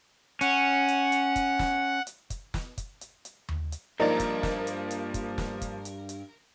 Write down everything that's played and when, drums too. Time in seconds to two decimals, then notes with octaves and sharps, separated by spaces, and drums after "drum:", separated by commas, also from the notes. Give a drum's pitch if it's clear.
0.41 C#4 F#5, drum: hi-hat
0.88 drum: hi-hat
1.12 drum: hi-hat
1.36 drum: kick, hi-hat
1.59 drum: snare
2.07 drum: hi-hat
2.30 drum: kick, hi-hat
2.54 drum: snare
2.78 drum: kick, hi-hat
3.01 drum: hi-hat
3.25 drum: hi-hat
3.49 drum: tom D#2
3.72 drum: hi-hat
4.00 G2 F3 A#3 D#4 A#4 D5
4.20 drum: kick, hi-hat
4.43 drum: snare
4.67 drum: hi-hat
4.91 drum: hi-hat
5.14 drum: kick, hi-hat
5.38 drum: snare
5.61 drum: kick, hi-hat
5.85 drum: hi-hat
6.09 drum: hi-hat